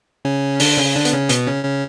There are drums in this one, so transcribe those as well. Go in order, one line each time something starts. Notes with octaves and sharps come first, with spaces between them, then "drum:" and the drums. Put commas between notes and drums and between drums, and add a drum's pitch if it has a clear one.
C#3 C#4
D3 D4, drum: open hi-hat
C#3 C#4
D3 D4
B3, drum: hi-hat
C#3 C#4
B2 B3, drum: hi-hat
C#3 C#4
C#3 C#4